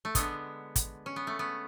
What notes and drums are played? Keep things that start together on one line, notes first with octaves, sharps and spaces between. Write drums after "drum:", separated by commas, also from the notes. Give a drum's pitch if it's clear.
A3
D3 G#3 B3, drum: kick, hi-hat
drum: kick, hi-hat
C#4
B3
A3
B3